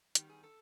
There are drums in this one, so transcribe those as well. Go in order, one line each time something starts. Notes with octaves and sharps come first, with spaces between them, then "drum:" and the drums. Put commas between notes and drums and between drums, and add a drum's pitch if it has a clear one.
D#3 G3 B3 G4, drum: hi-hat
G#4
A4